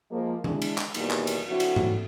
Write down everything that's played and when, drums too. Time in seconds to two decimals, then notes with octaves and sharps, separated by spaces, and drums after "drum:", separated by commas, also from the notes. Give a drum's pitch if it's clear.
0.11 F3 G#3 A#3
0.44 G#3 D4 E4, drum: tom D#3
0.62 drum: cymbal
0.78 drum: clap
0.94 E2 B2 D#3 G3 A#3, drum: cymbal
1.11 drum: clap
1.27 drum: cymbal
1.48 D3 F#3 C4 E4 F#4
1.60 drum: cymbal
1.76 drum: tom G#2